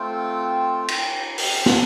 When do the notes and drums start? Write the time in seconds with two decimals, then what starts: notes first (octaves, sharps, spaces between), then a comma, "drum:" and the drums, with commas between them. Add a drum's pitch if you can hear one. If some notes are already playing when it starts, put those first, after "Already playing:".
Already playing: A3 C4 F4 G5
0.88 drum: cymbal
1.38 G5, drum: open hi-hat
1.66 A5, drum: snare